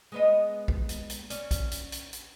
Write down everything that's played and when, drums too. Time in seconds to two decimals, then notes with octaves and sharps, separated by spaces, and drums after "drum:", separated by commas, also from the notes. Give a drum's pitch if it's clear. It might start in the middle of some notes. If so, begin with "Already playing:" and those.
0.12 G#3 B3 D#5
0.68 drum: kick A#1
0.89 drum: hi-hat
1.10 drum: hi-hat
1.30 C#4 D5, drum: hi-hat
1.51 drum: kick A#1, hi-hat
1.71 drum: hi-hat
1.92 drum: hi-hat
2.13 drum: hi-hat